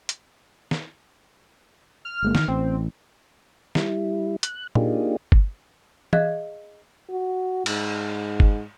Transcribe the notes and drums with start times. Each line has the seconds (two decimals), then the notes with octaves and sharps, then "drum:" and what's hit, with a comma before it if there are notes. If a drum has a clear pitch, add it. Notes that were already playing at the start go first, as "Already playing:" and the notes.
0.09 drum: hi-hat
0.71 drum: snare
2.05 F6
2.22 G1 G#3 A#3
2.35 D2 D#3, drum: snare
2.48 A1 C4
3.75 G3 E4, drum: snare
4.43 F#6, drum: hi-hat
4.75 A#3 D4 D#4 F4 G4 G#4, drum: tom A#2
5.32 drum: kick G1
6.13 G#4 D#5 F5 F#6 G#6, drum: tom E3
7.09 F#4
7.66 G#2, drum: cymbal
8.40 drum: kick G1